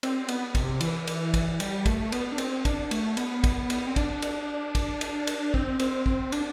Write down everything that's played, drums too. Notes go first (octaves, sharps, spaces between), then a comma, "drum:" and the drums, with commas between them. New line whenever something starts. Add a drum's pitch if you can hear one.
C4, drum: cymbal
B3, drum: cymbal
C3, drum: kick, cymbal
E3, drum: cymbal
drum: cymbal
drum: kick, cymbal
G3, drum: cymbal
A3, drum: kick, cymbal
B3, drum: cymbal
D4
C4, drum: cymbal
D4, drum: kick, cymbal
A3, drum: cymbal
B3, drum: cymbal
drum: kick, cymbal
drum: cymbal
C4
D4, drum: kick, cymbal
drum: cymbal
drum: kick, cymbal
drum: cymbal
drum: cymbal
C4, drum: kick
C4, drum: cymbal
C4, drum: kick
D4, drum: cymbal